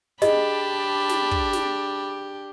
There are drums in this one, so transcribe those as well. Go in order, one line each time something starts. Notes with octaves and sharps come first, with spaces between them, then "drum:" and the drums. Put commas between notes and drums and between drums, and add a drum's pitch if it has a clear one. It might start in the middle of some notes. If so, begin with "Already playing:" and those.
D4 G4 G#4 D#5 A5 B5, drum: snare
drum: snare
drum: kick
drum: snare